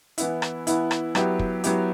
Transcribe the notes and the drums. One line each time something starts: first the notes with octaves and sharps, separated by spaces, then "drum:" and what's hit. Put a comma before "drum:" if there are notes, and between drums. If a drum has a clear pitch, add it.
E3 B3 E4, drum: hi-hat
drum: rim click
E3 B3 E4, drum: hi-hat
drum: rim click
F#3 B3 E4 G4, drum: rim click
drum: kick
F#3 B3 E4 G4, drum: hi-hat